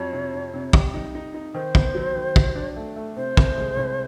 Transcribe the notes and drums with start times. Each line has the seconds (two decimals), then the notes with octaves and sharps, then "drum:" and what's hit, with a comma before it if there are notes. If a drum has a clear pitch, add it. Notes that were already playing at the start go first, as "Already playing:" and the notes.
Already playing: F2 F#3 C#5
0.13 C3
0.33 F2
0.54 C3
0.73 G3, drum: kick
0.94 D#4
1.15 D#4
1.34 D#4
1.54 D#3 C5
1.75 B3, drum: kick
1.95 F#3
2.15 D#3
2.36 F#3, drum: kick
2.55 D4
2.76 A3
2.96 A3
3.16 C3 C5
3.37 C2, drum: kick
3.57 G#3
3.77 C2